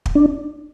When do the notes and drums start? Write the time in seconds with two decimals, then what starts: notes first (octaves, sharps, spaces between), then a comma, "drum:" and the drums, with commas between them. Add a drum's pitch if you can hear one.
0.06 drum: kick
0.15 D4